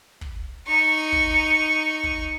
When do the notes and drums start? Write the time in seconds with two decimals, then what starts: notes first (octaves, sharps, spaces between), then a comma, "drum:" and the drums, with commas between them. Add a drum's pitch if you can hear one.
0.21 drum: kick
0.67 D#4 C#6
1.12 drum: kick
2.03 drum: kick